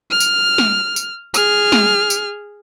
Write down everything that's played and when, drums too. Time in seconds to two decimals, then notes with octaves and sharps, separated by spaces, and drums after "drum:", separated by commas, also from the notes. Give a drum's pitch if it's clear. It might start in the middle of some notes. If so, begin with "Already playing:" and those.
0.11 F6
0.20 drum: tambourine
0.58 drum: snare
0.96 drum: tambourine
1.34 G#4 F6, drum: tambourine
1.72 drum: snare
2.10 drum: tambourine